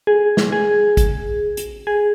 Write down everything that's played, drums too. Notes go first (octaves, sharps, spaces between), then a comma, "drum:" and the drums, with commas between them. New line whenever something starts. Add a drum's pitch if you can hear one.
G#4
drum: snare
G#4
drum: kick, hi-hat
drum: hi-hat
G#4